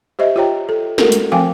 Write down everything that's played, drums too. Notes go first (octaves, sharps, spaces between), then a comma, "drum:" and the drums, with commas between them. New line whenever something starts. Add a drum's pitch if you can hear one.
G4 C5 D#5 E5
F4 G4 C#5 G5 A#5
A4
A3 F#4 A4 A#4, drum: snare
drum: hi-hat
F3 C4 F5 G5 G#5 D6